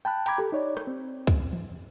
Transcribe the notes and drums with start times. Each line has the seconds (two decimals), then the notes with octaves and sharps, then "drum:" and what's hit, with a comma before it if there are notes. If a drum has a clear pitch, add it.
0.05 G5 A5 B5 F#6
0.26 G5 A#5 B5 D6 G#6, drum: hi-hat
0.38 G4 A4
0.52 D#4 C#5 D5
0.77 drum: rim click
0.87 C4
1.27 drum: kick C#2, hi-hat
1.53 drum: tom E3